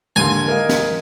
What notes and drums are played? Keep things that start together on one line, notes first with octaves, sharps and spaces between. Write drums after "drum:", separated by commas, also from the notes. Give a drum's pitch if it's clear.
D#2 D3 G#5 C6
A#4 D#5 F5
drum: snare